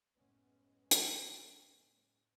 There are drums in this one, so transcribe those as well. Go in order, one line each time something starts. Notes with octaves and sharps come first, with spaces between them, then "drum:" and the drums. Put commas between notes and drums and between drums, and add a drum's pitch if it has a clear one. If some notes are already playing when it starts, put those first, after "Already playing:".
F#1 A2 G#3 B3 C#4
drum: hi-hat